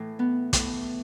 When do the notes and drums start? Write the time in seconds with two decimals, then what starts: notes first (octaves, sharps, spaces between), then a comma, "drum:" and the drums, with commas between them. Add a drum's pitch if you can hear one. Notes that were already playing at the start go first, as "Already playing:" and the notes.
Already playing: A2 E3
0.19 B3
0.53 A2 E3, drum: kick, hi-hat